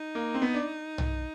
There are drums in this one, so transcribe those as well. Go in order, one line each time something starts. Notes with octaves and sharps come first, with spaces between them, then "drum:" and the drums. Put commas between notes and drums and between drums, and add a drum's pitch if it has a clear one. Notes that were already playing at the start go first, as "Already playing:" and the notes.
Already playing: D#4
A#3
C4
B3
D4
drum: tom B1